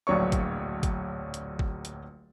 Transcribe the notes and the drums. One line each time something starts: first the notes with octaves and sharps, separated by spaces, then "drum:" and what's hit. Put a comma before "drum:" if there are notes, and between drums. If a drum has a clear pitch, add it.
D1 A#1 F#3 D4 C#5 C#6
drum: kick G#1, hi-hat
drum: kick G#1, hi-hat
drum: hi-hat
drum: kick G#1
drum: hi-hat